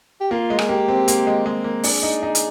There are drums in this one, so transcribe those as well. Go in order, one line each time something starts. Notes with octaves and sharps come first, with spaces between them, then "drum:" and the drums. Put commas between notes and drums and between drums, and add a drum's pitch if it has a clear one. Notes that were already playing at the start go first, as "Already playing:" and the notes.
G4
A#3 F4
G#3
G#4, drum: rim click
A#3 G4
C4
A#3, drum: hi-hat
G#3
G#3
A#3
D4 G#4, drum: open hi-hat
D#4
D#4
drum: hi-hat